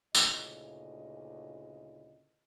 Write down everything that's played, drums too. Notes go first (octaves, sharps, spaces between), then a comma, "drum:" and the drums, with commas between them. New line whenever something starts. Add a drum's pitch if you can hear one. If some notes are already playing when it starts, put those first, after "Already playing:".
D2 A#2 C#3 E4 D#5, drum: tambourine